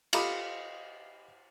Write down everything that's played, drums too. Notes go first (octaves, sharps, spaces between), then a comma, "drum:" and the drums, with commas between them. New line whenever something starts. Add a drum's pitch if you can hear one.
F4 G4 A4 D#5 B5 D6, drum: cymbal